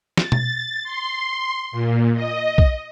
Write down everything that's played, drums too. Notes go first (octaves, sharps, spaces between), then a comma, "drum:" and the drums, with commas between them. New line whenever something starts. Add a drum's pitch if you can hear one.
A6, drum: snare
drum: tom B2
C6
A#2
D#5
drum: kick